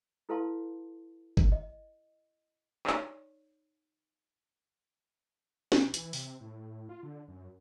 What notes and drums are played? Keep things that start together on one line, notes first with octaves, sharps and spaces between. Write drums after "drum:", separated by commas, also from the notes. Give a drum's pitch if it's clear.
E4 A4 B4 F5 A5 C6
drum: kick G1
D#5
D#4 C#5 D5, drum: clap
B1, drum: snare
E3, drum: hi-hat
C3, drum: open hi-hat
A2
F4
D3
F#2